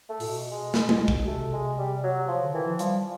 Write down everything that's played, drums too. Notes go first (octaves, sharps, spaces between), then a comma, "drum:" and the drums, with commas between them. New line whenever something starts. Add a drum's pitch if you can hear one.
A3
A#2, drum: open hi-hat
B2
G#3
drum: snare
drum: tom G#3
drum: kick
C3 A3
G#3
G3
F#3
F3
D3
D#3 E3
F3
F3 G3, drum: hi-hat